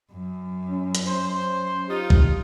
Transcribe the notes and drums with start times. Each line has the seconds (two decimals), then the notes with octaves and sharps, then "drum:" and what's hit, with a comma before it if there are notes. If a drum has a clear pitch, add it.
0.12 F#2
0.70 C#4
0.95 drum: hi-hat
1.06 C#4 C5
1.90 D#4 F4 G4
2.10 drum: kick